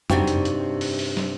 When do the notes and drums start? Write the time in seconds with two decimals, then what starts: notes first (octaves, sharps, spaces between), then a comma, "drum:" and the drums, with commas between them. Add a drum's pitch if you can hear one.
0.10 G2 C3 D4 D#4 F#4 G4, drum: tom F2
0.27 drum: hi-hat
0.45 drum: hi-hat
0.81 drum: open hi-hat
0.99 drum: open hi-hat
1.17 drum: snare